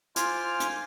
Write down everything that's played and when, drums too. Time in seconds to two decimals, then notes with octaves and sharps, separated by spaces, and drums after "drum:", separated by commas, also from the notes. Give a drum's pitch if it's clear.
0.16 F4 C5 G#5 D6 F6, drum: hi-hat
0.60 drum: hi-hat